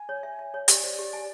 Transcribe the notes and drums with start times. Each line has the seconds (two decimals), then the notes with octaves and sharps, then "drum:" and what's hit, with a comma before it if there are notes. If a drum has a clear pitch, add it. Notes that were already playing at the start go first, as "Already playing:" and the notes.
Already playing: G#5
0.09 C#5
0.23 E5
0.39 E5
0.54 C#5
0.68 G4 D5, drum: hi-hat
0.84 C5
0.98 G4
1.13 G#5